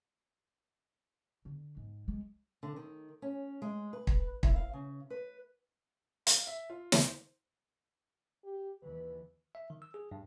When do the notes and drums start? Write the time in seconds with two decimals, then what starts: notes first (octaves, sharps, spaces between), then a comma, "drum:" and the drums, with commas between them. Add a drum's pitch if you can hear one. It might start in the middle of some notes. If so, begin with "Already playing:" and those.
1.45 D3
1.77 G#2
2.08 G#3
2.63 D3
2.76 D#3
3.22 C#4
3.62 G#3
3.93 B4
4.07 drum: kick
4.43 E4, drum: kick
4.56 F5
4.73 C#3
5.10 B4
6.27 F5, drum: hi-hat
6.47 E5
6.70 F4
6.92 C5, drum: snare
8.44 G4
8.82 D#2 E3 B4
9.55 E5
9.70 D#3
9.82 E6
9.94 G#4
10.11 G2